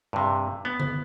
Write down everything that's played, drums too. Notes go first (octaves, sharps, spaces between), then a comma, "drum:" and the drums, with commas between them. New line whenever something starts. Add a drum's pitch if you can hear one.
G2 C3
B3
drum: tom D3